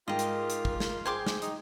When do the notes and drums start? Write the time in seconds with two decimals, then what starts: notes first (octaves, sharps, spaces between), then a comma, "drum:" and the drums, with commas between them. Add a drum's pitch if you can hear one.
0.08 G#2 F4 G4 A#4 D#5
0.19 drum: hi-hat
0.50 drum: hi-hat
0.65 drum: kick
0.80 drum: snare
1.06 G#4 C5 G5 C6 D6 G#6
1.27 drum: snare
1.42 D#4, drum: hi-hat